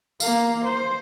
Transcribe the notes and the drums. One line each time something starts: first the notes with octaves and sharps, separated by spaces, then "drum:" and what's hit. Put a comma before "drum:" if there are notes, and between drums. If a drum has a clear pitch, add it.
A#3 F5, drum: tambourine
C5